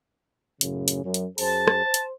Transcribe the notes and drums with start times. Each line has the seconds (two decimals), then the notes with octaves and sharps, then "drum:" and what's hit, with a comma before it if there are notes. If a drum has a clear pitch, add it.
0.61 F#2 A2 C#3, drum: hi-hat
0.88 drum: hi-hat
1.04 F#2
1.14 drum: hi-hat
1.38 F#2 G#4 C5 A5, drum: open hi-hat
1.67 drum: rim click
1.85 C5
1.94 drum: hi-hat